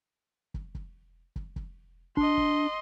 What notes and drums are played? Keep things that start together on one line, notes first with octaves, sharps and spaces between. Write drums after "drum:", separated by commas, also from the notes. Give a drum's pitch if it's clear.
drum: kick
drum: kick
drum: kick
drum: kick
D4 D#5 C6, drum: kick
drum: kick